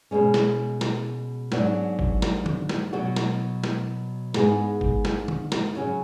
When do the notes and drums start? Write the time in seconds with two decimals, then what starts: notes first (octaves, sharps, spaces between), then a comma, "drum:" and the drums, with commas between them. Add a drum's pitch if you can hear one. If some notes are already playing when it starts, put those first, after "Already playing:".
0.11 B2 G#3 C#4
0.34 drum: snare
0.81 drum: snare
1.52 G#2 F#3 B3 D4 F#4, drum: snare
1.99 drum: kick G#1
2.22 drum: snare
2.46 drum: tom D3
2.69 drum: snare
2.93 B2 F#3 B3 F#4
3.16 drum: snare
3.64 drum: snare
4.34 G#2 G#3 B3, drum: snare
4.81 drum: kick G#1
5.05 drum: snare
5.28 drum: tom D3
5.52 drum: snare
5.75 C#3 F#3 C#4 F#4